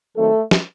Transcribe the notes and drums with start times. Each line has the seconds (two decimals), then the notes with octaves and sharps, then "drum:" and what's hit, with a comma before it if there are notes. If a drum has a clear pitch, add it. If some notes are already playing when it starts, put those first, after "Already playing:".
0.16 D#3 F#3 A3 C4 A4
0.51 drum: snare